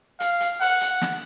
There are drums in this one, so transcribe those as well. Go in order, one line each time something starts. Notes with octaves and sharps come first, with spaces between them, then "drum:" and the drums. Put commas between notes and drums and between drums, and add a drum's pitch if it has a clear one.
F5, drum: hi-hat
drum: hi-hat
F#5, drum: open hi-hat
drum: hi-hat
drum: snare